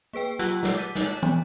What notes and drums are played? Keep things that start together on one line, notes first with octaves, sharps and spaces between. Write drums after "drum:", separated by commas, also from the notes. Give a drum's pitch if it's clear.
A#3 G#4 B4 G5
F#3 F4 G4 F#5 E6 F#6, drum: hi-hat
drum: snare
D6 F#6 G6 A6 B6 D#7
D#4 D#5, drum: snare
C#5 A5 F#6
drum: tom